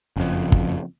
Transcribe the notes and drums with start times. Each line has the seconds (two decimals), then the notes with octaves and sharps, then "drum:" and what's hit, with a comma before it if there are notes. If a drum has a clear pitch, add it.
0.16 F#1 F2
0.52 drum: kick